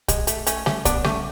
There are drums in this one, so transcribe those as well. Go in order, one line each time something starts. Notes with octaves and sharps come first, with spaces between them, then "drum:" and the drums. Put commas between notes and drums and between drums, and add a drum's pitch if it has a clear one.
G#3, drum: kick A#1, hi-hat
A3, drum: hi-hat
A3 C#4, drum: hi-hat
A3 C#4, drum: snare G3
B3 D4, drum: kick A#1, hi-hat
A3 C#4, drum: snare G3